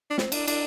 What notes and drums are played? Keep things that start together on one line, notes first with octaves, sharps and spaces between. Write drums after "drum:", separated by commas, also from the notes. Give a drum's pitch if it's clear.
D4
C4, drum: snare
D4, drum: cymbal
D4, drum: cymbal